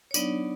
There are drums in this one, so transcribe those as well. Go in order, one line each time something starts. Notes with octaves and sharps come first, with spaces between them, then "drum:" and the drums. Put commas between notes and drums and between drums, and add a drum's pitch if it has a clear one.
C#5
F#3 B3 D4 D#4 D5, drum: tambourine